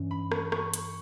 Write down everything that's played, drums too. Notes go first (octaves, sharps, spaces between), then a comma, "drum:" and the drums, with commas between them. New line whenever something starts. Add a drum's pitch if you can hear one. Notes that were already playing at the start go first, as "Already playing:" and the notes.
Already playing: G2 E3 C#4
B5
C#6, drum: rim click
C#6, drum: rim click
C#6, drum: hi-hat